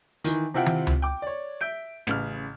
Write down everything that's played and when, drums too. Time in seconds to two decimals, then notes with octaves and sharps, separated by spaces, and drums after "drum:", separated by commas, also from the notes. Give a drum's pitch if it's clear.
0.24 D#3 E3, drum: hi-hat
0.54 C3 C4 E4 F4 F#5 G5
0.66 drum: tom
0.87 drum: tom C#2
1.02 G5 D6
1.22 C#5 D5
1.61 E5 G6 D7
2.07 A1 C#3 F6, drum: snare